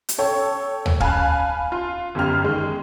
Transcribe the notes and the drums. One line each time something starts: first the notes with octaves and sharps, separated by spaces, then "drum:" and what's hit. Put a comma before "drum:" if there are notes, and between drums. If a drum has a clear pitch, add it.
drum: hi-hat
A4 C#5 G5
drum: tom
F5 G#5 A5 B5 F#6, drum: kick
F4
G1 F#2 G4 F6
D#3 G#3